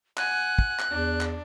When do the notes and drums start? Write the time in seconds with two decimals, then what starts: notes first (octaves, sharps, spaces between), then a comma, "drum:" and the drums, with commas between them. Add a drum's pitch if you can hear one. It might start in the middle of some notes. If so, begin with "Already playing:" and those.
0.17 F#5 G#5 F#6, drum: clap
0.59 drum: kick
0.79 drum: clap
0.90 E2 D4
1.21 drum: clap